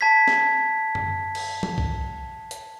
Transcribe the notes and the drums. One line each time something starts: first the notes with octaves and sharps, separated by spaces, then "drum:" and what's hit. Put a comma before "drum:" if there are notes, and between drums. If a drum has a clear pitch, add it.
A5 G#6 B6
drum: snare
drum: tom F#2
drum: cymbal
drum: tom E3
drum: kick B1
drum: hi-hat